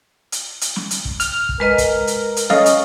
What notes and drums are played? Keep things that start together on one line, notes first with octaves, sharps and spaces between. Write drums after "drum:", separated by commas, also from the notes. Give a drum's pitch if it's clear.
drum: hi-hat
drum: hi-hat
drum: snare
drum: hi-hat
drum: kick
F6, drum: hi-hat
drum: kick
G#3 A#4 B4 D#5
drum: kick, hi-hat
drum: hi-hat
drum: hi-hat
C#4 A4 D#5 F5 D#6, drum: snare
drum: hi-hat